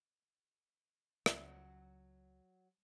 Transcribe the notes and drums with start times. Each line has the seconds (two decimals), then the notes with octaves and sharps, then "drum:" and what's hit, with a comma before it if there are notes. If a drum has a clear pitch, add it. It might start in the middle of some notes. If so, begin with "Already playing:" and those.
1.26 C#2 F#3, drum: rim click